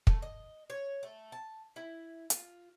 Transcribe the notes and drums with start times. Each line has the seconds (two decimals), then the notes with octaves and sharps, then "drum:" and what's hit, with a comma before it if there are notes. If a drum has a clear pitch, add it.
0.07 A3, drum: kick
0.22 D#5
0.70 C#5
1.03 A3
1.32 A5
1.76 E4
2.30 F4, drum: hi-hat